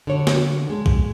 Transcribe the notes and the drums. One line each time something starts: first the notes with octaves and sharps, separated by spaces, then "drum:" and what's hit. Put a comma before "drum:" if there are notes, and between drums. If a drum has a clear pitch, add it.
D3 C#5
drum: snare
G#3
drum: kick